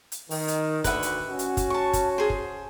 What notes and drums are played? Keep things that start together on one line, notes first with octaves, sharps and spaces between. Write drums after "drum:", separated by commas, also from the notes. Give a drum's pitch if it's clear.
drum: hi-hat
D#3, drum: open hi-hat
drum: hi-hat
D2 B4 E5 F#5, drum: kick, hi-hat
drum: hi-hat
C#4 F#4
drum: hi-hat
drum: kick, hi-hat
A5 C#6
drum: kick, hi-hat
G#4 C5
drum: kick